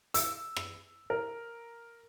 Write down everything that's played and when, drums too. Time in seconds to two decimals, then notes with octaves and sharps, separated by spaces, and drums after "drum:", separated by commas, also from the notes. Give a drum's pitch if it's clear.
0.14 E6, drum: hi-hat
0.56 drum: rim click
1.10 A#4